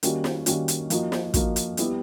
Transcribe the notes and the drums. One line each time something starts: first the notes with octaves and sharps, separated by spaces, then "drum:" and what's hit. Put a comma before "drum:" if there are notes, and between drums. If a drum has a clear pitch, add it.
D#3 G3 A#3 C#4 F#4, drum: hi-hat
drum: snare
D#3 G3 A#3 C#4 F#4, drum: hi-hat
drum: hi-hat
F3 A#3 D#4 F#4, drum: hi-hat
drum: snare
F3 A#3 D#4 F#4, drum: kick, hi-hat
drum: hi-hat
G3 B3 E4 G4, drum: hi-hat